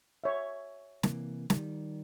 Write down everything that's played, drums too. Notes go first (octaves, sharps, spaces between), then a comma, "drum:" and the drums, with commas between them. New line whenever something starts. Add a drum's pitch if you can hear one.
C#5 E5
C3 E3 A#3, drum: snare
D#3 G3, drum: snare